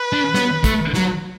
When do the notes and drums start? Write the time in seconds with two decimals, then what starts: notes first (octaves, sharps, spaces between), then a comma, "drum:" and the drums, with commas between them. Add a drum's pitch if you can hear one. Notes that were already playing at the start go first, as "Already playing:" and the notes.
Already playing: B4
0.13 D4
0.34 B3, drum: snare
0.64 A3, drum: kick, hi-hat
0.94 F#3, drum: snare